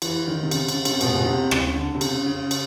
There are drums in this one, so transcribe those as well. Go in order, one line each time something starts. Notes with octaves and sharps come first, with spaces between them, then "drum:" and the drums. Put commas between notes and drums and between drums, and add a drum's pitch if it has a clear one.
E3, drum: cymbal
D#3
C3
C#3, drum: cymbal
C#3, drum: cymbal
C3, drum: cymbal
B2, drum: cymbal
A#2
B2
C3
C#3, drum: rim click
D3
C3
C#3, drum: cymbal
C#3
drum: cymbal